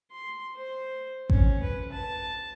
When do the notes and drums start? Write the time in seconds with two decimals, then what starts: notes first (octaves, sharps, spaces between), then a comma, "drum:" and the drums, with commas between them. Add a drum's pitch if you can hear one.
0.12 C6
0.56 C5
1.30 C#4, drum: kick A1
1.63 B4
1.93 A5